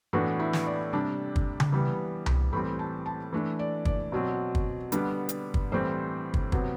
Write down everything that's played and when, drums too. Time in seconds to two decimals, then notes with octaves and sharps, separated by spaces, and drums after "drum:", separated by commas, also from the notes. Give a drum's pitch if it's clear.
0.13 A2 E3 B3 D4 F#4
0.39 E4
0.53 drum: snare
0.66 D5
0.93 C3 G3 D4 A5
1.36 drum: kick
1.60 drum: tom C#3
1.72 E3 G3 B3
2.26 drum: tom C2
2.52 A2 E3 G3 C4 B5
2.79 A5
3.06 A5
3.33 E3 A3 D4
3.59 D5
3.85 D5, drum: kick
4.12 B2 F#3 C4
4.55 drum: kick
4.92 D3 G3 B3 D4, drum: hi-hat
5.29 drum: hi-hat
5.54 drum: kick
5.72 A2 E3 G3 C4 C5
6.34 drum: kick
6.52 C3 F#3 B3, drum: kick